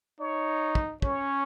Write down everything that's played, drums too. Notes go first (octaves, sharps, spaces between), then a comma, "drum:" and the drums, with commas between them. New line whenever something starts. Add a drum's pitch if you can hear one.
D#4 C#5
drum: kick
C#4 C#5, drum: kick